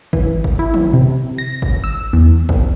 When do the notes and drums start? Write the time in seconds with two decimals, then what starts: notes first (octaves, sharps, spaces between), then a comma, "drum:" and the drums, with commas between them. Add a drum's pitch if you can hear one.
0.13 E3, drum: kick
0.44 drum: kick
0.59 E4
0.74 drum: tom
0.93 C3
1.38 A#6
1.62 drum: kick
1.84 E6
2.13 E2
2.49 C2, drum: kick